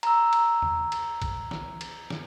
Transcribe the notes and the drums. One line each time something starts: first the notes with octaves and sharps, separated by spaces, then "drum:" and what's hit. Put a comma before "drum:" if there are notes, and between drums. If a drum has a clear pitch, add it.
A#5 E6, drum: cymbal
drum: cymbal
drum: tom E2
drum: cymbal
drum: kick, cymbal
drum: snare
drum: cymbal
drum: snare